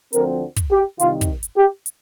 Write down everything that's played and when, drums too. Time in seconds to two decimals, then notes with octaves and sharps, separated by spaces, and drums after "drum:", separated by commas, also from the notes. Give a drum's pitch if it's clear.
0.13 D2 D3 F3 C4 A#4, drum: hi-hat
0.57 drum: kick, hi-hat
0.71 G4
1.00 C2 C3 D#3 F4, drum: hi-hat
1.21 drum: kick, hi-hat
1.43 drum: hi-hat
1.57 G4
1.86 drum: hi-hat